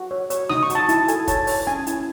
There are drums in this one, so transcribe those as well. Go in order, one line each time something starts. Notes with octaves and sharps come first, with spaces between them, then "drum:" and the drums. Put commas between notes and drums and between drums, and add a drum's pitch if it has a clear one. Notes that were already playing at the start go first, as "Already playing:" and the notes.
Already playing: F#4
C#5
C#5, drum: hi-hat
D#4 D#6, drum: snare
C#6
F#4, drum: hi-hat
A5
E4, drum: hi-hat
A4 G#5, drum: hi-hat
C#5 A5, drum: kick F1, hi-hat
C#5, drum: open hi-hat
C#4 G#5
E4, drum: hi-hat